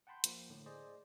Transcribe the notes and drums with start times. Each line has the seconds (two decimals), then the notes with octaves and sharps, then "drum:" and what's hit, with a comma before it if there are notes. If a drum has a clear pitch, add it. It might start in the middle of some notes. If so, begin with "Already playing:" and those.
0.07 F#5 G5 A5 B5 C6 G6
0.24 F3 A#3, drum: hi-hat
0.50 A2 D3
0.66 G#4 C5 D5 D#5